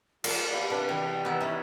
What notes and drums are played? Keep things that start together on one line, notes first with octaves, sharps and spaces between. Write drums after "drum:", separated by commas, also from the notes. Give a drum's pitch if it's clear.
A#3 F4 A5, drum: cymbal
B3 E4 G4 F5
C3 D4 B4
E3 D#5 G5
B3 D#4 E4 B4
C#4 D#4 G#4 E5